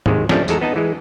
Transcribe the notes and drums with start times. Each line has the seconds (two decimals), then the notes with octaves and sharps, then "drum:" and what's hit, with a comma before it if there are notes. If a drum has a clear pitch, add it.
0.06 D#2 C3 D#3 G#3, drum: tom
0.29 F3 G3 A3 C#4 D4, drum: snare
0.48 E2 G#3 A4 A#5, drum: tambourine
0.61 B3 D#4 D#5 A5
0.76 E3 G#3